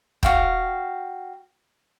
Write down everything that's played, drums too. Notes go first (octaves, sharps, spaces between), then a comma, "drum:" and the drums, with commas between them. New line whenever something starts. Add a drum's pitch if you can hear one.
F#4 F5 G5, drum: kick